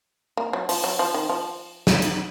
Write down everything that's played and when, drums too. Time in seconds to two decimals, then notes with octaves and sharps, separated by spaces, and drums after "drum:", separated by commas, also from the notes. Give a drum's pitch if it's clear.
0.37 A#3
0.53 F#3
0.69 F3, drum: open hi-hat
0.84 F#3
0.99 F3
1.14 D#3
1.30 F3
1.87 drum: snare
2.02 drum: hi-hat